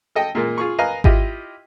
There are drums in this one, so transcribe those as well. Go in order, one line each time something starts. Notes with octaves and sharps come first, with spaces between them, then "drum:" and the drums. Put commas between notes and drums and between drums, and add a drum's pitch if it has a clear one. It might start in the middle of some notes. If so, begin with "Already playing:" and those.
A4 D#5 G5
A#2 G#3 A#3 F4 A#4
F4 G#4 C#6
A#4 B4 D#5 F5 G#5 A#5
E4 F4 G4 D#5, drum: kick G#1